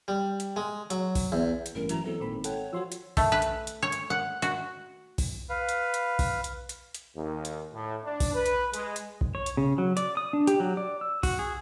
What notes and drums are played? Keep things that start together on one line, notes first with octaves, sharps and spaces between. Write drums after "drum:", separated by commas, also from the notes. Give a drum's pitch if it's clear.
G3
drum: hi-hat
G#3
F#3, drum: hi-hat
drum: kick B1, open hi-hat
E2
drum: hi-hat
A1 G2 A#4
E3 F#3 E4 A#5, drum: hi-hat
E2 F#3 C4 A4
G#1 A#2 C4 B5
A4 C#5 F#5 G5, drum: hi-hat
F3 F#4 C6 E6
drum: hi-hat
A3, drum: kick B1, open hi-hat
B4
drum: hi-hat
drum: hi-hat
C#5
drum: hi-hat
F#5
F#4, drum: hi-hat
drum: kick B1, open hi-hat
B4 F5
drum: hi-hat
drum: hi-hat
drum: kick B1, open hi-hat
drum: hi-hat
drum: hi-hat
drum: hi-hat
D#2
drum: hi-hat
A2
D4
drum: kick B1, open hi-hat
B4
drum: hi-hat
G#3, drum: hi-hat
drum: hi-hat
drum: kick B1
C#5
drum: hi-hat
C#3
F#3
D5, drum: hi-hat
D#6
D4
G4, drum: hi-hat
F#3
D5
E6
F#4, drum: kick B1, open hi-hat
G#4